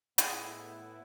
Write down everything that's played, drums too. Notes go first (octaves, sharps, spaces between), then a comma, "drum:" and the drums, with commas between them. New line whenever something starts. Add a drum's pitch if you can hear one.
A2 B3 E4 G#4 D#5, drum: hi-hat